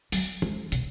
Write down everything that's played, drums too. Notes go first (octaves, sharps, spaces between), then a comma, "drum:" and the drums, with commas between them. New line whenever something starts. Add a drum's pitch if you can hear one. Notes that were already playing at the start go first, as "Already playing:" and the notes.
F#3, drum: open hi-hat
G#3, drum: tom
B2, drum: hi-hat